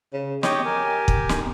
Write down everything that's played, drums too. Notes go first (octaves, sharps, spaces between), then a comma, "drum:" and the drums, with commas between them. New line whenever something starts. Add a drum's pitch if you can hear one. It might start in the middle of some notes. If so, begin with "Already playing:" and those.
C#3
G4 C#5 D#5 G5, drum: snare
A#4 G#5
drum: kick
drum: snare